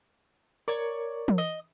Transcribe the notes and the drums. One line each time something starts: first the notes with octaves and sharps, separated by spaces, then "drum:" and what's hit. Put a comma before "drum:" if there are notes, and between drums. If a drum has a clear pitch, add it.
A#4 C#5 D5
drum: tom
D#5